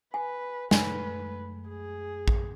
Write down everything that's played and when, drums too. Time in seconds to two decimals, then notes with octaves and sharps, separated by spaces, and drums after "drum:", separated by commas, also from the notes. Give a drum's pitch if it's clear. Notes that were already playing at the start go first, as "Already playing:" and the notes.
0.14 B4 G#5
0.71 F#2 G#3 A3 B4 G#5, drum: snare
1.69 G#4
2.28 drum: kick